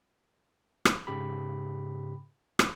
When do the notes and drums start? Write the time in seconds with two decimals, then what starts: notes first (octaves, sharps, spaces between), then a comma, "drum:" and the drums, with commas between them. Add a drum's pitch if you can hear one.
0.85 drum: rim click
1.07 G#2 C#3 G4 B5
2.59 drum: rim click